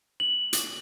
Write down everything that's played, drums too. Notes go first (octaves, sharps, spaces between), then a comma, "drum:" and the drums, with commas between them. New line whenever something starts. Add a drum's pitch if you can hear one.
F#7
drum: hi-hat